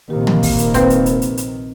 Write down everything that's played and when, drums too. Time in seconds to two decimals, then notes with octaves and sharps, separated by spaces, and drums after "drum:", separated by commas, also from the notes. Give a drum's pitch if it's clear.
0.10 A#1 C3 D#3 A#3 G4
0.27 drum: tom
0.43 drum: kick, open hi-hat
0.59 drum: hi-hat
0.74 C4 B4 C5, drum: kick, hi-hat
0.90 drum: hi-hat
1.06 drum: hi-hat
1.22 drum: hi-hat
1.37 drum: hi-hat